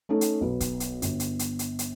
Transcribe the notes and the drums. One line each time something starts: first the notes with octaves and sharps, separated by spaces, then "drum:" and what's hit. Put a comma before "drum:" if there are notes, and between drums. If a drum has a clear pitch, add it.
A3 C#4 D#4 A4
drum: hi-hat
B1 B4
drum: kick, hi-hat
drum: hi-hat
G1, drum: hi-hat
drum: hi-hat
drum: hi-hat
drum: hi-hat
drum: hi-hat